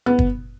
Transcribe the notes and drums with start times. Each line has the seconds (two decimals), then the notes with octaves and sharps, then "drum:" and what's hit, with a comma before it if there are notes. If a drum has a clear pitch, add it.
0.06 B3
0.19 drum: kick